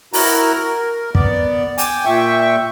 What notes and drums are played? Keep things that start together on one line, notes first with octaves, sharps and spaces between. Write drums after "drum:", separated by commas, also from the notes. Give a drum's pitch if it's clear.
E4 F#4 A#4 A#5, drum: open hi-hat
A#4
B3 D5, drum: kick
G5 G#5 D6, drum: hi-hat
A#2 E5 G5 C#6